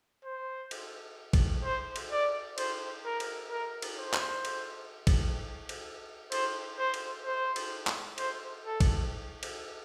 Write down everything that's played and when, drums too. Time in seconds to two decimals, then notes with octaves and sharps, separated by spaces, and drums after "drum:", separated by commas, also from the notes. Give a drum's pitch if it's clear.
0.25 C5
0.71 drum: cymbal
1.33 drum: kick, cymbal
1.64 C5
1.96 drum: cymbal
2.11 D5
2.58 C5, drum: cymbal
3.05 A#4
3.20 drum: cymbal
3.51 A#4
3.82 drum: cymbal
3.98 C5
4.14 drum: clap
4.45 drum: cymbal
5.07 drum: kick, cymbal
5.69 drum: cymbal
6.32 C5, drum: cymbal
6.78 C5
6.94 drum: cymbal
7.25 C5
7.56 drum: cymbal
7.87 drum: clap
8.18 C5, drum: cymbal
8.66 A4
8.80 drum: kick, cymbal
9.43 drum: cymbal